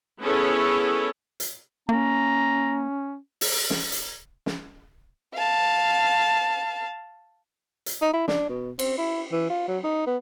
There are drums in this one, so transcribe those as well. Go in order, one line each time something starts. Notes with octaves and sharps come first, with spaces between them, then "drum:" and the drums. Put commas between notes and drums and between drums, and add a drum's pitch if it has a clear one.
B3 C#4 E4 G#4 A4 C#5
drum: hi-hat
A#3 C#4 A#5
drum: open hi-hat
drum: snare
drum: hi-hat
drum: snare
F5 A5
drum: hi-hat
D#4
E4
D4, drum: snare
B2
C4, drum: cymbal
E4
E3
F4
F#3
D#4
B3